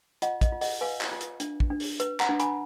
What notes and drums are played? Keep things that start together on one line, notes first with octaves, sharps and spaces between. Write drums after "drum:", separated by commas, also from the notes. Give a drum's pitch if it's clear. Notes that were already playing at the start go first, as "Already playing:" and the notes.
F4 D#5 F#5, drum: hi-hat
D#5, drum: kick, hi-hat
F4
D#5 F#5, drum: open hi-hat
B4 F5 G#5
drum: clap
F4
drum: hi-hat
D4, drum: hi-hat
drum: kick
D4
drum: open hi-hat
B4, drum: hi-hat
F#5 A#5, drum: clap
D4
G#5 B5, drum: hi-hat